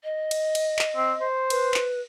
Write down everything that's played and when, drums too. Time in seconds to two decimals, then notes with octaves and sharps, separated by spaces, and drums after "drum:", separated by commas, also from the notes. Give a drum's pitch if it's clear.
0.03 D#5
0.31 drum: cymbal
0.55 drum: cymbal
0.79 drum: clap
0.96 C4
1.21 C5
1.50 B4, drum: cymbal
1.74 drum: clap